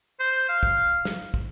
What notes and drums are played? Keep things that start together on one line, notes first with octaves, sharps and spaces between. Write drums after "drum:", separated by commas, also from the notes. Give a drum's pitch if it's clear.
C5
F5
drum: kick
drum: snare
drum: kick